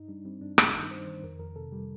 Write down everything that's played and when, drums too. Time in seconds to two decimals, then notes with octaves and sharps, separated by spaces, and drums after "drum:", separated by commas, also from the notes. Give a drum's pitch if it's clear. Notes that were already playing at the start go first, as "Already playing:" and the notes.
Already playing: G2 D#4
0.08 G3 D4
0.25 G3 C4
0.41 G2 D4
0.58 G2 D4, drum: rim click
0.74 D#3 D#4
0.91 G3 C5
1.07 D#3 C5
1.23 F2 A#4
1.39 F2 A#4
1.56 C3 A4
1.72 G3